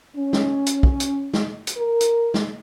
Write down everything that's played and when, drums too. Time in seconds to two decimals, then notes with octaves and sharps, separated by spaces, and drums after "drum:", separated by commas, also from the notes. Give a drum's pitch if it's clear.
0.16 C#4
0.33 drum: snare
0.66 drum: hi-hat
0.83 drum: kick
1.00 drum: hi-hat
1.33 drum: snare
1.67 drum: hi-hat
1.77 A#4
2.01 drum: hi-hat
2.34 drum: snare